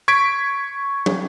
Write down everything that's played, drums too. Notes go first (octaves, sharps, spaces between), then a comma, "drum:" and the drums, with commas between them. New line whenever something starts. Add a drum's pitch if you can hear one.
C#6 G#6 B6 D7
drum: tom